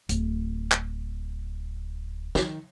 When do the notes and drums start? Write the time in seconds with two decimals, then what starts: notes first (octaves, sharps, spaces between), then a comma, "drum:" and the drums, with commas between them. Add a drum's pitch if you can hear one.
0.09 D1, drum: hi-hat
0.72 drum: clap
2.35 D#3, drum: snare